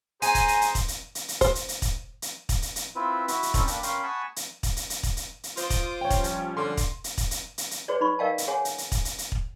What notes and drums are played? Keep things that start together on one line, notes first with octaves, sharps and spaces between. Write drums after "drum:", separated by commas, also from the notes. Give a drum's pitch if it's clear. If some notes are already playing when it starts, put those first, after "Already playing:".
G#4 C5 G#5 A#5, drum: hi-hat
drum: kick, hi-hat
drum: hi-hat
drum: hi-hat
drum: kick, hi-hat
drum: hi-hat
drum: hi-hat
drum: hi-hat
C5, drum: kick, hi-hat
drum: hi-hat
drum: hi-hat
drum: kick, hi-hat
drum: hi-hat
drum: kick, hi-hat
drum: hi-hat
drum: hi-hat
C4 E4 F4 B4
E4 F#4 E5, drum: hi-hat
drum: hi-hat
C4 C#4 D#4 E4 A4, drum: kick, hi-hat
A#3 D4 D5 G5 B5, drum: hi-hat
C#4 A#4 F5 G5 B5 C6, drum: hi-hat
F#5 G#5 A5 B5 C#6 D#6
drum: hi-hat
drum: kick, hi-hat
drum: hi-hat
drum: hi-hat
drum: kick, hi-hat
drum: hi-hat
drum: hi-hat
F4 C5 D6 D#6, drum: hi-hat
drum: kick, hi-hat
F3 G3 C#4 C#5 G5
drum: kick, hi-hat
drum: hi-hat
D3 C6
drum: kick, hi-hat
drum: hi-hat
drum: kick, hi-hat
drum: hi-hat
drum: hi-hat
drum: hi-hat
F#4 G#4 B4 C#5 D5
D#4 B5 C#6
A#4 D5 D#5 F5 G5 A5
drum: hi-hat
G#4 C#5 F#5 G#5
drum: hi-hat
drum: hi-hat
drum: kick, hi-hat
drum: hi-hat
drum: hi-hat
drum: kick